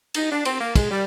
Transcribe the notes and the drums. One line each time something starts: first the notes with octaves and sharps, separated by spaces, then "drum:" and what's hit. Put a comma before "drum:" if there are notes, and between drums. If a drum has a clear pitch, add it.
D#4, drum: cymbal
D4
C4, drum: cymbal
A#3
G#3, drum: kick, cymbal
G3